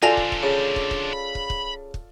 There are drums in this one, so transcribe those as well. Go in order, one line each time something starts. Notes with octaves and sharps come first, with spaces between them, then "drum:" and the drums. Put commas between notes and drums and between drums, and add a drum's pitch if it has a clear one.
D4 F4 A4 C5 D5 G#5 A#6 F7
drum: kick
drum: kick
C#3
drum: kick
drum: kick
B5
drum: kick
drum: kick
drum: kick